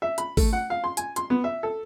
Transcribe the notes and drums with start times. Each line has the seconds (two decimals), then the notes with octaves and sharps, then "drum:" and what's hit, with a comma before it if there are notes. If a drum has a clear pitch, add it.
0.02 E5
0.18 B5, drum: hi-hat
0.37 A3, drum: kick G#1, open hi-hat
0.53 F#5
0.70 F5
0.84 C6
0.97 G#5, drum: hi-hat
1.16 C6, drum: hi-hat
1.30 B3
1.44 E5
1.63 A4